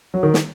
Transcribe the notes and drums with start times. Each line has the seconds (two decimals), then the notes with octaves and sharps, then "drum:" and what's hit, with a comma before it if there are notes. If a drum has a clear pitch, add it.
0.14 F#3
0.23 D#3
0.34 drum: snare